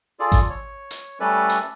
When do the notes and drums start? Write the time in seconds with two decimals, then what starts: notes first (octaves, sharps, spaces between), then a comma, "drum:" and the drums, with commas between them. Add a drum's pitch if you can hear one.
0.20 F4 G#4 A4 D5
0.32 drum: kick G#1, hi-hat
0.49 C#5
0.91 drum: hi-hat
1.20 G3 A3 C#4 A4 B4 D5
1.49 drum: hi-hat